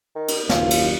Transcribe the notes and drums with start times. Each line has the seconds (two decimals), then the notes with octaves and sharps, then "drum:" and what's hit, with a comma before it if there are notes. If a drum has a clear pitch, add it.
0.15 D#3
0.28 drum: cymbal
0.49 F#1 D#2 F4, drum: snare
0.71 drum: cymbal